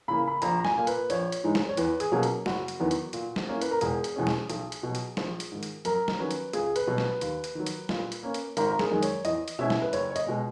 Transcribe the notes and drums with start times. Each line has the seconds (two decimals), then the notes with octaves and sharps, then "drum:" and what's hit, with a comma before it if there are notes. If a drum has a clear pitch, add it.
0.08 C#3 E3 A#3 B5
0.28 B5
0.42 A#1 A#5, drum: hi-hat
0.60 A#5
0.65 G#5, drum: snare
0.76 A#2 A#3
0.87 B4, drum: hi-hat
1.10 A#1 C#5, drum: hi-hat
1.32 drum: hi-hat
1.44 G#2 E3 G#3 D#4
1.55 drum: snare
1.69 C#5
1.77 E2 B4, drum: hi-hat
2.00 G#4, drum: hi-hat
2.12 B2 F#3 A#3 C#4
2.23 drum: hi-hat
2.46 F#1 F#4, drum: snare
2.68 drum: hi-hat
2.80 E2 D#3 F#3 B3
2.91 drum: hi-hat
3.13 A#2, drum: hi-hat
3.36 drum: snare
3.48 A#3 C#4 E4
3.61 B4, drum: hi-hat
3.71 A#4
3.81 E1 G#4, drum: hi-hat
4.04 drum: hi-hat
4.16 E2 B2 G#3 C#4
4.27 drum: snare
4.50 B1, drum: hi-hat
4.72 drum: hi-hat
4.83 B2 F#3
4.95 drum: hi-hat
5.17 A#1, drum: snare
5.40 drum: hi-hat
5.52 G#2 D#3
5.63 drum: hi-hat
5.85 F#2 A#4, drum: hi-hat
6.08 drum: snare
6.20 D#3 F#3 C#4 B4
6.31 drum: hi-hat
6.53 C#2 G#4, drum: hi-hat
6.76 B4, drum: hi-hat
6.87 B2 F#3
6.98 B4, drum: snare
7.21 D#2, drum: hi-hat
7.44 drum: hi-hat
7.55 D#3 F#3
7.66 drum: hi-hat
7.89 A#2, drum: snare
8.12 drum: hi-hat
8.23 A#3 C#4
8.34 drum: hi-hat
8.57 G#1 A#4, drum: hi-hat
8.71 A#4
8.79 G#4, drum: snare
8.91 F#2 D#3 G#3
9.03 C#5, drum: hi-hat
9.25 E2 D#5, drum: hi-hat
9.48 drum: hi-hat
9.59 B2 G#3 C#4 E4 E5
9.70 drum: snare
9.82 B4
9.93 F#1 C#5, drum: hi-hat
10.10 C#5
10.16 D#5, drum: hi-hat
10.27 B2 G#3